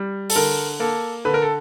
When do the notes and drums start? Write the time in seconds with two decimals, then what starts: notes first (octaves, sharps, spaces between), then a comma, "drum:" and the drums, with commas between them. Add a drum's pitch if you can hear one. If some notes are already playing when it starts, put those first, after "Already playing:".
Already playing: G3
0.30 A4, drum: open hi-hat
0.36 D3 A#4
0.80 A#3 A4
1.25 D3 B4
1.34 A#4
1.42 A4